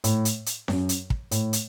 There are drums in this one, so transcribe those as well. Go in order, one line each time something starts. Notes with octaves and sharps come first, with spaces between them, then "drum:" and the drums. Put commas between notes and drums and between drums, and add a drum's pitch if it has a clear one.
A2, drum: hi-hat
drum: hi-hat
drum: hi-hat
F#2, drum: snare C#4
drum: hi-hat
drum: kick
A2, drum: hi-hat
drum: hi-hat